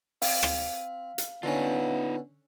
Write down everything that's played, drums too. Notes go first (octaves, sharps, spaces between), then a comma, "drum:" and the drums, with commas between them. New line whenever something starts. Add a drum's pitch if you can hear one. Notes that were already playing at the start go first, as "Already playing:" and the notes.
C4 F5, drum: open hi-hat
drum: rim click
drum: hi-hat
D3 B3 C#4 D#4 F4